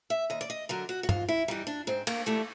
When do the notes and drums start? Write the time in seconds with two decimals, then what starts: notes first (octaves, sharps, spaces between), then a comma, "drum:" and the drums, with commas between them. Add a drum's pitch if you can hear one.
0.10 E5
0.30 D#2 D#5
0.41 D5
0.50 D#5
0.69 D3 F#3 A#4
0.89 F#4
1.03 F#4
1.09 G#2 F4, drum: tom G2
1.28 E4
1.48 E3 G3 D#4
1.67 D4
1.87 G#2 C4
2.07 A#3, drum: cymbal
2.26 E3 G3 A3